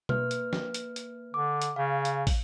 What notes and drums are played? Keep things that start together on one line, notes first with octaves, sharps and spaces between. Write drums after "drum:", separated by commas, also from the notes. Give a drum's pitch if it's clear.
A#3 B4 F6, drum: tom B2
drum: hi-hat
drum: snare
drum: hi-hat
drum: hi-hat
D3 D6
drum: hi-hat
C#3 F5
drum: hi-hat
drum: kick, open hi-hat